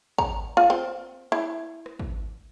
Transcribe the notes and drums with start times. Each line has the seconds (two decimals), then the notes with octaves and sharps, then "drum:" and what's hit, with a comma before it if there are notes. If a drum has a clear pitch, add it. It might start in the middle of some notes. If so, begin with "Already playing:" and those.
0.18 A#5, drum: kick
0.57 F4
0.70 C4
1.32 E4
1.86 drum: rim click
1.99 drum: kick